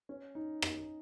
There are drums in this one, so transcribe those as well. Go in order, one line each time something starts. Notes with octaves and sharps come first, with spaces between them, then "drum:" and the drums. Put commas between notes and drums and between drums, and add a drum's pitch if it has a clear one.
C#4
D#4
drum: rim click